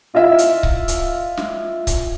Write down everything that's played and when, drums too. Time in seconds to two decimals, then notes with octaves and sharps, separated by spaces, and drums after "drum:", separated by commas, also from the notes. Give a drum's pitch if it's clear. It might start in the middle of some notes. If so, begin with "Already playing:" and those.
0.14 E4 F4 D#5 E5
0.38 drum: hi-hat
0.63 drum: kick C#1
0.88 drum: hi-hat
1.37 drum: snare
1.87 drum: kick C#1, hi-hat